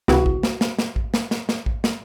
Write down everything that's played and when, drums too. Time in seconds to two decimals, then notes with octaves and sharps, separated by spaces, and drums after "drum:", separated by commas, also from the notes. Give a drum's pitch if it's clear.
0.08 C#2 C3 E3 F#4, drum: snare
0.26 drum: kick A1
0.43 drum: snare
0.61 drum: snare
0.79 drum: snare
0.96 drum: kick A1
1.14 drum: snare
1.31 drum: snare
1.49 drum: snare
1.66 drum: kick A1
1.84 drum: snare